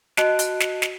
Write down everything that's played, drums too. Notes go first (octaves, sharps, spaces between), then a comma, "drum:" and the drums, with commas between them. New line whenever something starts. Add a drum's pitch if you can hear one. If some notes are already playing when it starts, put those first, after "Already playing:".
F#4 D#5 A5 F#6 D7, drum: snare
drum: hi-hat
drum: snare
drum: snare